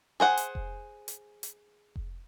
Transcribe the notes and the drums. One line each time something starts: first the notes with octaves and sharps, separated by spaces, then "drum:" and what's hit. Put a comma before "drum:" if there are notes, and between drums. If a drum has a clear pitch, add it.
G#4 C5 F#5
drum: hi-hat
drum: kick F1
drum: hi-hat
drum: hi-hat
drum: kick F1